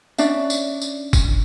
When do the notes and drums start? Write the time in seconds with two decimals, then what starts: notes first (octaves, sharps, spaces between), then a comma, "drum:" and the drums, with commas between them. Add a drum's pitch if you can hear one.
0.18 C#4 D4 D5 E5, drum: tambourine
0.50 drum: tambourine
0.82 drum: tambourine
1.13 drum: kick G1, tambourine